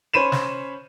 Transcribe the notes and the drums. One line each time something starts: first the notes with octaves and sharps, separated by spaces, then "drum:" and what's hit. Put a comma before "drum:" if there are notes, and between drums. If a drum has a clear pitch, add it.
C#4 C5 C#5 B5 D#7 E7
drum: snare